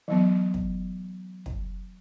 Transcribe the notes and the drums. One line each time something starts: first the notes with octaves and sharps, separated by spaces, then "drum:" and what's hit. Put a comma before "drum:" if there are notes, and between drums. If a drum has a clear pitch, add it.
E3 F#3 B3
drum: kick
drum: kick